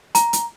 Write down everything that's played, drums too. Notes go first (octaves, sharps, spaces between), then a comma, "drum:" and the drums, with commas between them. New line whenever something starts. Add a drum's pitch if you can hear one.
A#5, drum: hi-hat
drum: hi-hat